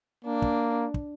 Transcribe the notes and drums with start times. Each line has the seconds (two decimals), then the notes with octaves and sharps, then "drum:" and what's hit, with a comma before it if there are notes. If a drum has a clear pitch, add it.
0.25 A#3 D4
0.42 drum: kick
0.94 drum: kick